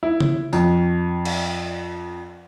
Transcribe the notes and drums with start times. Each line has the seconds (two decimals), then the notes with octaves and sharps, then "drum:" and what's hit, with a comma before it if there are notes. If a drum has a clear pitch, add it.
0.03 E4
0.20 drum: tom C#3
0.53 F2, drum: tambourine
1.25 drum: cymbal